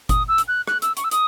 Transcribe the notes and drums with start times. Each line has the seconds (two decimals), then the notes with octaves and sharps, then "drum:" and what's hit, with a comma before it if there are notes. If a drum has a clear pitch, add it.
0.09 D#6, drum: kick G1, hi-hat
0.28 E6
0.38 drum: hi-hat
0.48 F#6
0.67 F#6, drum: rim click
0.82 E6, drum: hi-hat
0.97 C#6, drum: hi-hat
1.04 E6
1.11 D#6, drum: hi-hat